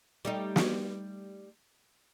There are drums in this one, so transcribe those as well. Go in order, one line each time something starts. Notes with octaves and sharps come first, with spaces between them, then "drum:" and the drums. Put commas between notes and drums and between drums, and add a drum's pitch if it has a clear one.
G3 A3 D#4
drum: snare